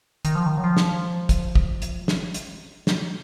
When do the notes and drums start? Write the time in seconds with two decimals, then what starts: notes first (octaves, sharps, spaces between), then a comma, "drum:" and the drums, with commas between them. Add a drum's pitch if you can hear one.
0.25 D#3, drum: hi-hat
0.35 F3
0.46 D#3
0.58 F#3
0.64 F3
0.77 drum: snare
1.29 drum: kick, hi-hat
1.55 drum: kick
1.82 drum: hi-hat
2.08 drum: snare
2.34 drum: hi-hat
2.87 drum: snare